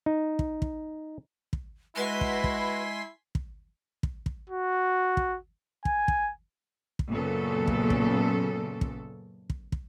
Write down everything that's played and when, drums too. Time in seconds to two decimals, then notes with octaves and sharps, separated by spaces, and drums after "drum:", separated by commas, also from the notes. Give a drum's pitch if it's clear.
0.06 D#4
0.39 drum: kick
0.62 drum: kick
1.53 drum: kick
1.96 G#3 E4 F#4 B4 G#5 C6 B6
2.21 drum: kick
2.44 drum: kick
3.35 drum: kick
4.03 drum: kick
4.26 drum: kick
4.49 F#4
5.17 drum: kick
5.85 G#5, drum: kick
6.08 drum: kick
6.99 drum: kick
7.09 F#2 A#2 C#3 B3 A4
7.67 drum: kick
7.90 drum: kick
8.81 drum: kick
9.50 drum: kick
9.72 drum: kick